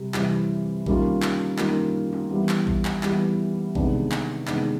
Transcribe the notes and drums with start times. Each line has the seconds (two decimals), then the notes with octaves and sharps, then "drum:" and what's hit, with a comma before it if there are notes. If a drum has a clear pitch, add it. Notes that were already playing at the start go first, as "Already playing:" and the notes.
Already playing: C3 G3 C4
0.14 C3 E3 G3 C4, drum: clap
0.86 D#3 G3 A#3 C#4 F4, drum: kick A1
1.22 drum: clap
1.58 D#3 G3 A#3 C#4 F4, drum: clap
2.13 drum: tom
2.30 E3 G3 B3
2.49 drum: clap
2.67 drum: kick A1
2.85 drum: clap
3.03 E3 G3 B3, drum: clap
3.75 C3 D#3 G#3 B3 D4, drum: kick A1
4.12 drum: clap
4.47 C3 D#3 G#3 B3 D4, drum: clap